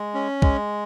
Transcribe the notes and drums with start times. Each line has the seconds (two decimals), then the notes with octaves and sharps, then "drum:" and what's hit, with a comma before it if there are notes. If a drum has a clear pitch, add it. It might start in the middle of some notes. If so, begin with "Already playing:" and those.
Already playing: G#3
0.14 C#4
0.42 G#3, drum: kick C2